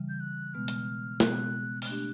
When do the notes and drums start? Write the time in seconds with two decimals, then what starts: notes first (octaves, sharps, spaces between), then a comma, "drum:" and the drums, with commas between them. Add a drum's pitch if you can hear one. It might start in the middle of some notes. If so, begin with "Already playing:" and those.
Already playing: C#3 E3 G3
0.09 G6
0.20 F#6
0.54 B2 G#3 B3 F6
0.68 drum: hi-hat
1.20 B2 G#3 B3 F#6, drum: snare
1.82 F6, drum: open hi-hat
1.87 A3 D4 G4 F#6